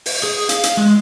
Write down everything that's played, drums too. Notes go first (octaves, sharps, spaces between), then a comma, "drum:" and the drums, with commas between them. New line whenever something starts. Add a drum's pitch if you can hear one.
drum: open hi-hat
G#4
F5, drum: hi-hat
drum: hi-hat
G#3